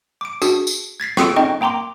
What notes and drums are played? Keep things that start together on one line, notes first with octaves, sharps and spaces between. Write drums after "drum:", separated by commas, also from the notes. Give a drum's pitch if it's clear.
D6 D7
D4 F#4 G#4, drum: tambourine
drum: tambourine
G#6 A6 B6 C7
C4 F4 G#4 A4 C#7 D7, drum: rim click
C4 C#4 D#4 D#5 G5 C#6
A#3 G5 A#5 C6 D6